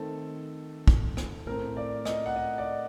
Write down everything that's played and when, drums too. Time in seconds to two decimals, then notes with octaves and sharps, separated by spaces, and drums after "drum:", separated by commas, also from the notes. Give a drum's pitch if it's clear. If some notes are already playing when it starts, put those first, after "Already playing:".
Already playing: D#3 A3 C4 A4
0.88 drum: kick
1.17 drum: rim click
1.46 A2 A3 C4 A#4
1.77 D5
2.05 D#5, drum: rim click
2.26 F#5
2.36 D#5
2.58 D5